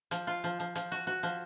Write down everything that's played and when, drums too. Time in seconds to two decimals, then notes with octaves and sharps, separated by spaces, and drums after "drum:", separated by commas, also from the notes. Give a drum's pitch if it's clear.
0.11 F3, drum: hi-hat
0.27 F4
0.44 F3
0.60 F3
0.75 F3, drum: hi-hat
0.92 F#4
1.07 F#4
1.23 F3